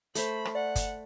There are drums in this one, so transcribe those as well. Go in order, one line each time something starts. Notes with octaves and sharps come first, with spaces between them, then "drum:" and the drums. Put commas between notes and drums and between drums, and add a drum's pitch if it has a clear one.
A3 C5 B5, drum: hi-hat
drum: rim click
D5 F#5
drum: kick G1, hi-hat